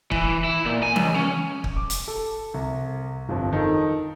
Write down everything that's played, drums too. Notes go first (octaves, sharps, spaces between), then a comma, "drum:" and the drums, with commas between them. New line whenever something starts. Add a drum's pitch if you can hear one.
E3, drum: kick
E4
A#2
G#5
C#2, drum: tom E3
C#4
drum: kick
D6
drum: hi-hat
A4
C2
G1 F2
D#3 A4